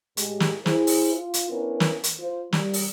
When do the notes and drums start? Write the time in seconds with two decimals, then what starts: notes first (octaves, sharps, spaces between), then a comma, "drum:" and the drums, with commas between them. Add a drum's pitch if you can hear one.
0.17 A2 G#3 G4, drum: hi-hat
0.40 drum: snare
0.66 E4 G#4 C5, drum: snare
0.87 drum: open hi-hat
1.15 F4
1.34 drum: hi-hat
1.50 D3 B3 C#4 E4 A#4
1.80 drum: snare
2.04 drum: hi-hat
2.19 F4 C5
2.52 G3, drum: snare
2.74 drum: open hi-hat